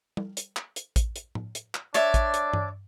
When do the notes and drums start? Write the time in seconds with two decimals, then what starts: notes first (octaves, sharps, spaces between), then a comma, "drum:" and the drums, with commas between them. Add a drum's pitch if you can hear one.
0.17 drum: tom
0.37 drum: hi-hat
0.57 drum: clap
0.76 drum: hi-hat
0.96 drum: kick A1, hi-hat
1.16 drum: hi-hat
1.35 drum: tom A2
1.55 drum: hi-hat
1.75 drum: clap
1.94 D4 C#5 D5 E5, drum: hi-hat
2.14 drum: kick A1, hi-hat
2.34 drum: hi-hat
2.53 drum: tom G2